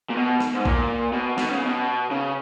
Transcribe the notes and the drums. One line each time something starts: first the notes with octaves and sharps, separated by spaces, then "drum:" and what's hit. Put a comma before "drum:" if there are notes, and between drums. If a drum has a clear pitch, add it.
A#2
B2
drum: snare
G#2
A#2, drum: kick A#1
B2
B2, drum: snare
C#3
B2
C#3